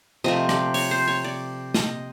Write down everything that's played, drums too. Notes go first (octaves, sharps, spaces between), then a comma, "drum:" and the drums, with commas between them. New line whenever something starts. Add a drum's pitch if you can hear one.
C3 F3 A3 D#5
D5, drum: rim click
C#5, drum: open hi-hat
C5
C#5
D5
D#5, drum: snare